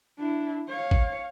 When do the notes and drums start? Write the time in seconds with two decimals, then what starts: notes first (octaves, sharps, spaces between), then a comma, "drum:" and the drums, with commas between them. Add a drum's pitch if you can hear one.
0.18 D4 E4
0.69 C#5 F5
0.91 drum: kick